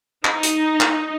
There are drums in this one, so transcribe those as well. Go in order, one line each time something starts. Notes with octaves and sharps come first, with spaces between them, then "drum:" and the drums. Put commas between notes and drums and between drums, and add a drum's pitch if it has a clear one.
D#4, drum: clap
drum: hi-hat
drum: clap